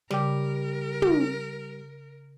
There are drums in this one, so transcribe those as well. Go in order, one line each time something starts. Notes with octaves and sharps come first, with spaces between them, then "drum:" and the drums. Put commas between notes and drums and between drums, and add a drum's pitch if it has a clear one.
C#3 G3 G4 A#4, drum: snare
drum: tom